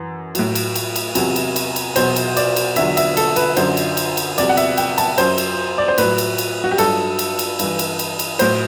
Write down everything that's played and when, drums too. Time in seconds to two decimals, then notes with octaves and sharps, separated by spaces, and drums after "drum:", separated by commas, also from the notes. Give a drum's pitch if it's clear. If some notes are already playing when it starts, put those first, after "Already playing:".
Already playing: F#2 E3
0.35 A2 F#3, drum: cymbal
0.55 drum: cymbal
0.75 drum: cymbal
0.96 drum: cymbal
1.15 E2 C3 F#3, drum: cymbal
1.36 drum: cymbal
1.56 drum: cymbal
1.76 drum: cymbal
1.96 E2 B2 F#3 C5, drum: cymbal
2.16 drum: cymbal
2.37 D5, drum: cymbal
2.56 drum: cymbal
2.76 E2 D3 F#3 E5, drum: cymbal
2.97 E5, drum: cymbal
3.17 A4, drum: cymbal
3.36 B4, drum: cymbal
3.57 F#2 D3 F#3 C5, drum: cymbal
3.77 drum: cymbal
3.97 drum: cymbal
4.17 drum: cymbal
4.38 E2 C3 F#3 D5, drum: cymbal
4.49 F#5
4.57 E5, drum: cymbal
4.77 G5, drum: cymbal
4.98 A5, drum: cymbal
5.18 F#2 F#3 C5, drum: cymbal
5.38 drum: cymbal
5.78 D5
5.88 C5
5.98 A2 F#3 B4, drum: cymbal
6.18 drum: cymbal
6.38 drum: cymbal
6.64 F#4
6.71 G4
6.78 G2 F#3 A4, drum: cymbal
7.19 drum: cymbal
7.39 drum: cymbal
7.59 G2 E3, drum: cymbal
7.79 drum: cymbal
7.99 drum: cymbal
8.19 drum: cymbal
8.39 A2 F#3 C5, drum: cymbal